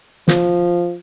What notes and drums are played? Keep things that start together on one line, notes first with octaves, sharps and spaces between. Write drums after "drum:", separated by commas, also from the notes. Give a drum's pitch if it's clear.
F3, drum: snare